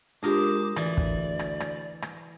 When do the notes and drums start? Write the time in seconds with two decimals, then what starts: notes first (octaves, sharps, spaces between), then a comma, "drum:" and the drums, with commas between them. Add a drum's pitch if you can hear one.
0.23 G#3 D4 F4 G4 G#4 A#4 C5 D6
0.76 D2 E3 D5, drum: rim click
0.97 drum: kick
1.39 drum: rim click
1.60 drum: rim click
2.02 drum: rim click